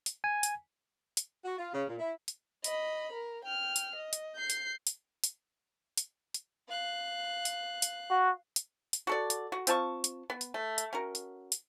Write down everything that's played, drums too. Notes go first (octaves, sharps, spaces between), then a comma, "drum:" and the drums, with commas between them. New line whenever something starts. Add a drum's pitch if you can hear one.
drum: hi-hat
G#5
drum: hi-hat
drum: hi-hat
F#4
F4
C#3
A#2
E4
drum: hi-hat
D#5 B5, drum: hi-hat
A#4
G5 F6
drum: hi-hat
D#5
drum: hi-hat
G6 C7
drum: hi-hat
drum: hi-hat
drum: hi-hat
drum: hi-hat
drum: hi-hat
F5 F#6
drum: hi-hat
drum: hi-hat
F#4
drum: hi-hat
drum: hi-hat
F#4 A4 D5
drum: hi-hat
F#4
C4 F4 A5 C#6, drum: hi-hat
drum: hi-hat
B3
drum: hi-hat
A3
drum: hi-hat
C#4 F#4 A#4
drum: hi-hat
drum: hi-hat